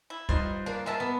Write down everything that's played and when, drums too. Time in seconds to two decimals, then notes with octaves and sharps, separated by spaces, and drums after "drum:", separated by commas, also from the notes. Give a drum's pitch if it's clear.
0.10 E4
0.29 G2 F3 D#4 C5, drum: kick
0.66 A#3 D4
0.86 G#3 A#4 E5 A5
1.00 B3